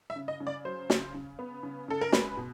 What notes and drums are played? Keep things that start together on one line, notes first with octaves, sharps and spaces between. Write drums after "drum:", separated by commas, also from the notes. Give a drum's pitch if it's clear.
E5
C#3
D#5
C#3
D5
F#3 C5
C#3, drum: snare
C#3
B3
C#3
C#3 A4
A#4
G#3 B4, drum: snare
B2